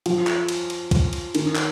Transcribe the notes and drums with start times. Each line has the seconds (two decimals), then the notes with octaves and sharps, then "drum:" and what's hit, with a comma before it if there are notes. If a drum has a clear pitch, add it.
0.06 F3, drum: cymbal
0.27 drum: clap
0.49 drum: cymbal
0.70 drum: cymbal
0.91 drum: kick, cymbal
1.13 drum: cymbal
1.35 D#3, drum: cymbal
1.56 drum: clap